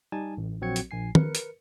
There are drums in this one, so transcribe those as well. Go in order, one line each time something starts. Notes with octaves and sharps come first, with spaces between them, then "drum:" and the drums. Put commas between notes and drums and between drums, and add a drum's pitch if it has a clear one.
G3 D#4 G#5 A5
A1
A#1 F#3 C4 F#4 G#6 C#7
drum: hi-hat
A#1 G#5 C7
A#4 B4 C#7, drum: tom
drum: hi-hat